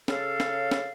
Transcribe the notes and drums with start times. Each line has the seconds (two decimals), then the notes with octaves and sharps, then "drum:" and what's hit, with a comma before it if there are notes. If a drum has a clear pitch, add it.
0.08 C#3 A4 F5, drum: snare
0.40 drum: snare
0.71 drum: snare